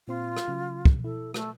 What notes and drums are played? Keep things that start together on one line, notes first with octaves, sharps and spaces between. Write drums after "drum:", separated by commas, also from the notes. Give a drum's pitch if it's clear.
A#2 C4 F4 C6
drum: rim click
C#3 F#3
drum: kick
E4 A4
A3, drum: rim click